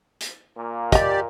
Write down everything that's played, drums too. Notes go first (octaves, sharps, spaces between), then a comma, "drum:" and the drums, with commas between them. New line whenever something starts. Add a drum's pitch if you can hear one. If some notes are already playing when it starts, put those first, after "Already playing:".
drum: hi-hat
A#2 A#3
G4 D5 D#5 A#5, drum: kick, hi-hat